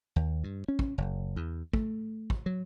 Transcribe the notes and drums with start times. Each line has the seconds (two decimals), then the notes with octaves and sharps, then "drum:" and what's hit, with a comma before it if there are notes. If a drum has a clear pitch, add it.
0.16 D#2
0.44 G2
0.68 C#4
0.79 drum: kick
0.98 F#1
1.36 E2
1.73 A3, drum: kick
2.30 drum: kick
2.46 F#3